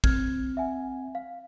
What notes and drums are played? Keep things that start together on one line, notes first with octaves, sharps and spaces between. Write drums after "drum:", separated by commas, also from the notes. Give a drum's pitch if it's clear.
C4 F6 G#6, drum: kick
E5 F#5 G#5
F5